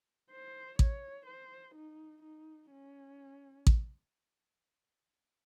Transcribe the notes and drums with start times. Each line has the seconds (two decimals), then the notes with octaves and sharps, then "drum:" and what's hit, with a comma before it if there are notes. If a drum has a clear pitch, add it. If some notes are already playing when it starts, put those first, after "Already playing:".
0.31 C5
0.79 C#5, drum: kick A1
1.26 C5
1.75 D#4
2.23 D#4
2.71 C#4
3.67 drum: kick A1